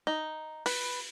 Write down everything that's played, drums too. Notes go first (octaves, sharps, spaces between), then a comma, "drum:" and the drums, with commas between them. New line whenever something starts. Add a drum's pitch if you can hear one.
D#4
B4, drum: open hi-hat